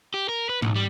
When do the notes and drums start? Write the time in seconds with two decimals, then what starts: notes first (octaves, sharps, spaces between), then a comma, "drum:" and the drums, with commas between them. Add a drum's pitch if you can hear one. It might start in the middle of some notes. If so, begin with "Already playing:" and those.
0.14 G4
0.29 A#4
0.49 B4
0.62 B1, drum: tom G#2
0.75 G3